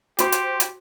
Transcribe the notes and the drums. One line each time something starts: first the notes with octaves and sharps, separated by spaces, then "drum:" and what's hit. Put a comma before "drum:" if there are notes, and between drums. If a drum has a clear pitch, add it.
F#4 G4 C5 C6, drum: hi-hat
drum: hi-hat
drum: hi-hat